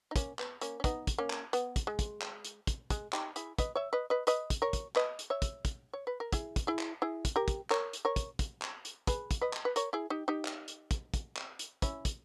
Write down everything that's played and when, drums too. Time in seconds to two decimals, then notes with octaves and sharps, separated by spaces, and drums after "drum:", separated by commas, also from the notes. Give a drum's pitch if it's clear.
0.11 D#4
0.16 A#3 C#4, drum: kick, hi-hat
0.39 B3, drum: clap
0.61 A#3 C#4, drum: hi-hat
0.80 C#4
0.84 B3 D#4, drum: kick, hi-hat
1.07 drum: kick, hi-hat
1.18 A#3 C#4
1.30 drum: clap
1.53 B3, drum: hi-hat
1.76 drum: kick, hi-hat
1.87 G#3
1.99 drum: kick, hi-hat
2.22 drum: clap
2.45 drum: hi-hat
2.67 drum: kick, hi-hat
2.90 G#3, drum: kick, hi-hat
3.13 D#4 G4, drum: clap
3.36 E4 G#4, drum: hi-hat
3.58 B4 D#5, drum: kick, hi-hat
3.75 C#5 E5
3.93 B4 D#5
4.10 B4 D#5
4.27 B4 D#5, drum: hi-hat
4.50 drum: kick, hi-hat
4.62 A#4 C#5
4.73 drum: kick, hi-hat
4.96 B4 D#5, drum: clap
5.19 drum: hi-hat
5.30 C#5 E5
5.42 drum: kick, hi-hat
5.65 drum: kick, hi-hat
5.93 C#5
6.07 B4
6.20 A#4
6.32 E4 G#4, drum: kick, hi-hat
6.56 drum: kick, hi-hat
6.67 E4 G#4
6.79 drum: clap
7.02 E4 G#4
7.25 drum: kick, hi-hat
7.36 G4 A#4
7.48 drum: kick, hi-hat
7.70 A#4 C#5, drum: clap
7.93 drum: hi-hat
8.05 A#4 C#5
8.16 drum: kick, hi-hat
8.39 drum: kick, hi-hat
8.62 drum: clap
8.85 drum: hi-hat
9.07 G#4 B4, drum: kick, hi-hat
9.31 drum: kick, hi-hat
9.41 B4 D#5
9.53 drum: clap
9.65 B4
9.76 A#4 C#5, drum: hi-hat
9.93 E4 G#4
10.10 D#4 G4
10.28 D#4 G4
10.45 drum: clap
10.68 drum: hi-hat
10.91 drum: kick, hi-hat
11.14 drum: kick, hi-hat
11.36 drum: clap
11.59 drum: hi-hat
11.82 C#4 E4, drum: kick, hi-hat
12.05 drum: kick, hi-hat